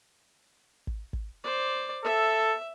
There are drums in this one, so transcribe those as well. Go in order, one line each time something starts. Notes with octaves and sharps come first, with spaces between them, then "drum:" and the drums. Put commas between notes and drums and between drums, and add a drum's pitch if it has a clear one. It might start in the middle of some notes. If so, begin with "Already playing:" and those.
drum: kick
drum: kick
C5 D5
A4 E5